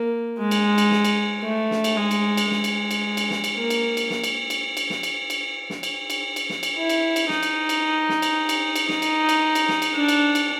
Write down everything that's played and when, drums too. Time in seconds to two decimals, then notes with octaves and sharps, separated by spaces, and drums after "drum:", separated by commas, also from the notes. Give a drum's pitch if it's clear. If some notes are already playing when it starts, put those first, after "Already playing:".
Already playing: A#3
0.38 G#3
0.51 drum: cymbal
0.78 drum: cymbal
0.91 drum: snare
1.05 drum: cymbal
1.44 A3
1.71 drum: snare
1.84 drum: cymbal
1.97 G#3
2.11 drum: cymbal
2.37 drum: cymbal
2.51 G#3, drum: snare
2.64 drum: cymbal
2.91 drum: cymbal
3.17 drum: cymbal
3.31 drum: snare
3.44 drum: cymbal
3.57 A#3
3.70 drum: cymbal
3.97 drum: cymbal
4.10 drum: snare
4.24 drum: cymbal
4.50 drum: cymbal
4.77 drum: cymbal
4.90 drum: snare
5.03 drum: cymbal
5.30 drum: cymbal
5.70 drum: snare
5.83 drum: cymbal
6.10 drum: cymbal
6.36 drum: cymbal
6.50 drum: snare
6.63 drum: cymbal
6.77 E4
6.89 drum: cymbal
7.16 drum: cymbal
7.29 D#4, drum: snare
7.43 drum: cymbal
7.69 drum: cymbal
8.09 drum: snare
8.22 drum: cymbal
8.49 drum: cymbal
8.76 drum: cymbal
8.89 D#4, drum: snare
9.02 drum: cymbal
9.29 drum: cymbal
9.55 drum: cymbal
9.69 drum: snare
9.82 drum: cymbal
9.95 D4
10.09 drum: cymbal
10.35 drum: cymbal